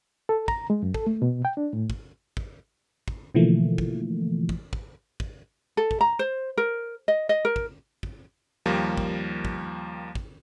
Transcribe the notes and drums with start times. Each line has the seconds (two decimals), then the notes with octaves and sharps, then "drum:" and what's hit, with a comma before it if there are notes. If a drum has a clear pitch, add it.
0.29 A4
0.48 A#5, drum: kick
0.70 G#3
0.83 F#2
0.94 A4, drum: kick
1.07 A3
1.22 B2
1.45 G5
1.57 D4
1.73 A2
1.90 drum: kick
2.37 drum: kick
3.08 drum: kick
3.34 B2 D3 E3 F3 A3 A#3
3.78 drum: kick
4.49 drum: kick
4.73 drum: kick
5.20 drum: kick
5.77 A4
5.91 drum: kick
6.01 A#5
6.19 C5
6.57 A#4
7.08 D#5
7.29 D#5
7.45 A#4
7.56 drum: kick
8.03 drum: kick
8.66 D#2 F3 G3 A#3
8.97 drum: kick
9.45 drum: kick
10.15 drum: kick